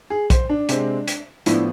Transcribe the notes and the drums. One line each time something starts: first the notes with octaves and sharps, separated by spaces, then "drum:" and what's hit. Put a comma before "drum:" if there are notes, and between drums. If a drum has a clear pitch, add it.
G#4
C5, drum: kick, hi-hat
D4
C3 G#3 C4, drum: hi-hat
drum: hi-hat
A2 F3 B3 D4 E4, drum: hi-hat